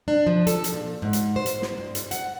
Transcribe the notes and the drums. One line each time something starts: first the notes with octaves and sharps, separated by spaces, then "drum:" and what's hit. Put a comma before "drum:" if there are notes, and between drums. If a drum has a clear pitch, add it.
D4
F3
A4, drum: hi-hat
drum: hi-hat
A#2
G#2
drum: hi-hat
C5
drum: hi-hat
drum: snare
G2
drum: hi-hat
F#5, drum: hi-hat